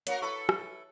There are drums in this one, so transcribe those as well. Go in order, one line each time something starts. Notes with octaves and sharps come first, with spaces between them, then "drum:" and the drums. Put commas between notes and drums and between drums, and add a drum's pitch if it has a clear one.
A#3 F#4 A#4 C#5, drum: hi-hat
E4 A4 B4 C#6
drum: rim click